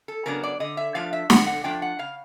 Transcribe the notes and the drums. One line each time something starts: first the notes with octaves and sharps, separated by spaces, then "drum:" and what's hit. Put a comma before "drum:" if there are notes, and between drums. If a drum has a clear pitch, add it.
A4
C#3 F#3 B3 D4 A#4
D5
D3 D#5
E5
F3 A3 D4 F4 F5
E5
D3 F#5, drum: snare
F#5
F3 A3 D4 F4 G5
F#5
C#3 F5